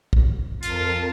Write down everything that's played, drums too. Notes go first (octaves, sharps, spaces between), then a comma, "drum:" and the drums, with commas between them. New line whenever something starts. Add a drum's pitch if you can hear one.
drum: kick
F2 F4 A#4 A5, drum: hi-hat